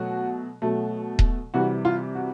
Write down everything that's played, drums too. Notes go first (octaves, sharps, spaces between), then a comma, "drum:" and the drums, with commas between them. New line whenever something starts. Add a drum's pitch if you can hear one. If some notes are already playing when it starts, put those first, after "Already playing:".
Already playing: B2 F#3 A3 F#4
B2 F#3 A3
drum: kick D#1
C3 E3 G3 F#4
F4
F#4